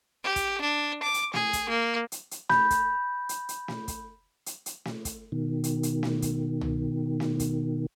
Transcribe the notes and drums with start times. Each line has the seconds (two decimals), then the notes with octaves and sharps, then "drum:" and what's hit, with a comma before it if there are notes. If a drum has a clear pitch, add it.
0.24 G4
0.36 drum: kick, hi-hat
0.61 D4
1.03 D6
1.14 drum: hi-hat
1.34 G#4, drum: snare
1.53 drum: kick, hi-hat
1.69 A#3
2.12 drum: hi-hat
2.31 drum: hi-hat
2.49 B5 G6, drum: snare
2.70 drum: kick, hi-hat
3.29 drum: hi-hat
3.49 drum: hi-hat
3.68 drum: snare
3.88 drum: kick, hi-hat
4.46 drum: hi-hat
4.66 drum: hi-hat
4.85 drum: snare
5.05 drum: kick, hi-hat
5.32 B2 D#3
5.64 drum: hi-hat
5.83 drum: hi-hat
6.03 drum: snare
6.22 drum: kick, hi-hat
6.61 drum: tom C2
7.20 drum: snare
7.40 drum: kick, hi-hat